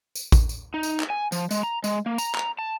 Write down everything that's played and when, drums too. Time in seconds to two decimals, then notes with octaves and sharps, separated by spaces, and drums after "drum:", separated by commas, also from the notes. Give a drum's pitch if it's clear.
0.15 drum: tambourine
0.32 drum: kick A1, tambourine
0.49 drum: tambourine
0.74 D#4
0.83 drum: tambourine
1.00 drum: clap
1.10 G#5
1.32 F3, drum: tambourine
1.51 G#3, drum: tambourine
1.63 A#5
1.84 G#3, drum: tambourine
2.06 A#3
2.18 A#5, drum: tambourine
2.35 A#5, drum: clap
2.59 A5